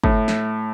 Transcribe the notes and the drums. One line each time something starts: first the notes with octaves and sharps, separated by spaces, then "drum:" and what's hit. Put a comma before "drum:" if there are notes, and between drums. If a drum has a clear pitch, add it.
A2, drum: kick
drum: snare